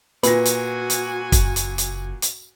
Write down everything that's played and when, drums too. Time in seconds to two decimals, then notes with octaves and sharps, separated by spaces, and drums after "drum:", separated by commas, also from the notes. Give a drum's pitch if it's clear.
0.23 A#2 F#4 B4 G#5 A#6, drum: hi-hat
0.45 drum: hi-hat
0.90 drum: hi-hat
1.32 F#1, drum: kick, hi-hat
1.56 drum: hi-hat
1.78 drum: hi-hat
2.22 drum: hi-hat